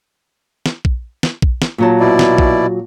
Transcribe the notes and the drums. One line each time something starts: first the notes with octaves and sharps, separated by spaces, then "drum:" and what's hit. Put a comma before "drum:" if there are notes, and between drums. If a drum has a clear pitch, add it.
drum: snare
drum: kick A#1
drum: snare
drum: kick A#1
drum: snare
A#2 F#3 A5
B2 E4 D5
drum: snare
drum: kick A#1